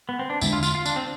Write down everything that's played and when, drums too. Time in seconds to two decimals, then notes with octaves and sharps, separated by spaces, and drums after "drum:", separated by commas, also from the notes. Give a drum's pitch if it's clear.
0.09 B3
0.19 C4
0.30 D4
0.41 E2 D3 G#3 D4 E4, drum: tambourine
0.53 F4
0.63 F4, drum: tambourine
0.75 F4
0.85 D4, drum: tambourine
0.96 C4